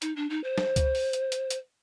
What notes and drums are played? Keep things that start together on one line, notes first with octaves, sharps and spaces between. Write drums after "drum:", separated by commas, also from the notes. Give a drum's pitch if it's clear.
D#4, drum: hi-hat
D4
D#4
C5
drum: snare
drum: kick C#2, hi-hat
drum: open hi-hat
drum: hi-hat
drum: hi-hat
drum: hi-hat